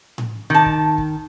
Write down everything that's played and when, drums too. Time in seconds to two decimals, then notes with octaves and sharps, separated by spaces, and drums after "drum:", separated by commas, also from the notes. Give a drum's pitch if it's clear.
0.18 drum: tom A2
0.50 D#3 A5
0.66 drum: kick
0.98 drum: kick